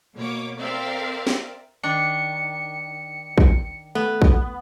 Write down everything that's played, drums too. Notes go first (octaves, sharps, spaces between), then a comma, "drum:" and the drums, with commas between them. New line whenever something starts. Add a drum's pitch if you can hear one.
B2 A#3 C#5 D6
C4 A#4 D5 E5 F5
drum: snare
D#3 D4 C#7
drum: kick
A3 B3
drum: kick